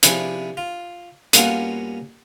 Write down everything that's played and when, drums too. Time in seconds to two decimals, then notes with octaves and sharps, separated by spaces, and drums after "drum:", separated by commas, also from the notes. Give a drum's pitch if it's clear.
0.03 C3 F3 D4 E4 G#4 B4, drum: hi-hat
0.57 F4
1.33 G2 A#3 B3 C#4 F4 F#4, drum: hi-hat